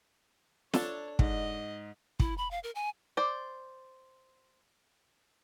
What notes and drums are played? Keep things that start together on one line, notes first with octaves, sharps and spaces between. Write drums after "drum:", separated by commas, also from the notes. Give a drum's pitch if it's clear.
D4 A4 C#5, drum: snare
G#2 D#5, drum: kick
E4, drum: kick
B5
F5
A#4
G#5
C5 D5